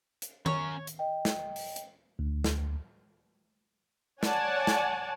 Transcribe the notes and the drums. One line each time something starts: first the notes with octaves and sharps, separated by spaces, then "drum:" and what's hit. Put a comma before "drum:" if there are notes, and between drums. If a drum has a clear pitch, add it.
drum: hi-hat
C#4 A#4 C#5, drum: tom D#3
drum: hi-hat
D#5 G5
drum: snare
drum: open hi-hat
drum: hi-hat
D2
drum: snare
C#5 D5 F#5 G#5 A5, drum: snare
drum: snare